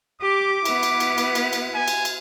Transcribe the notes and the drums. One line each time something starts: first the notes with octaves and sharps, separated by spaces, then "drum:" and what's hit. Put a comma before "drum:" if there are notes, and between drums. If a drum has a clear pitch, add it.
G4 D6
B3 E4, drum: cymbal
drum: cymbal
drum: cymbal
drum: cymbal
drum: cymbal
drum: cymbal
G#5
drum: cymbal
drum: cymbal